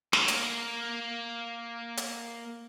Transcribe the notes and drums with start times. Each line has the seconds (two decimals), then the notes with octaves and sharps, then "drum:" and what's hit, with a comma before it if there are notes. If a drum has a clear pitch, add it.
0.13 A#3 A#4, drum: snare
0.28 drum: hi-hat
1.97 drum: hi-hat